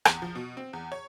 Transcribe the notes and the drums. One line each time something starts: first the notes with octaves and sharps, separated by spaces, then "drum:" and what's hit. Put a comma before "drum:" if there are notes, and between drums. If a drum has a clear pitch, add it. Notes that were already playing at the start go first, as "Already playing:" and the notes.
E2, drum: rim click
F3
B2
C4
E2
C#5